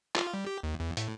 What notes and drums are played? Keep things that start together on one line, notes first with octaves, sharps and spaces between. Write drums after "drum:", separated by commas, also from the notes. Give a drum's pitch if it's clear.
F4, drum: clap
G3
G4
D#2
E2
A2, drum: hi-hat